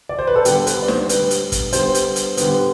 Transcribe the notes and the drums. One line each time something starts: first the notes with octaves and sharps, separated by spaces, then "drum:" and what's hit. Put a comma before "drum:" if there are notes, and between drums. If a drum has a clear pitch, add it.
D5
C5
B4
A4
D3 G3 B3 G4, drum: hi-hat
B4, drum: hi-hat
D5
C5, drum: snare
D3 G3 B3 B4, drum: hi-hat
drum: hi-hat
drum: kick, hi-hat
D3 G3 B3 C5, drum: hi-hat
drum: hi-hat
drum: hi-hat
D3 G3 B3, drum: hi-hat